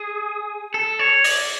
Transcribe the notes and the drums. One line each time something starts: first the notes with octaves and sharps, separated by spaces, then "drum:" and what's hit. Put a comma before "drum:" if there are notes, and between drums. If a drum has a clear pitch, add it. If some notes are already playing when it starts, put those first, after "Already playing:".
Already playing: G#4
A4
C#5
D5, drum: open hi-hat